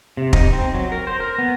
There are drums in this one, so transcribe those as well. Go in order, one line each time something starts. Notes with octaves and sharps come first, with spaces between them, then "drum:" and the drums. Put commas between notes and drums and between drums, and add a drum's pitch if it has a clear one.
C3
D#4, drum: kick
C4
F#3
A#4
C5
A#4
B3